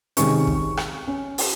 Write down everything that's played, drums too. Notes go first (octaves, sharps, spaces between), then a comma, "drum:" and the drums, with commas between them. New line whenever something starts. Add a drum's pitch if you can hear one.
C3 D#3 G#3 C#4 C#6, drum: hi-hat
drum: kick
drum: rim click
C#4
drum: open hi-hat